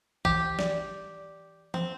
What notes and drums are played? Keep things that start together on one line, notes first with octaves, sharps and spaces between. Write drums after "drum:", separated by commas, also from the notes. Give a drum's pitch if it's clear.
E3 G4, drum: kick
D5, drum: snare
C4, drum: tom E3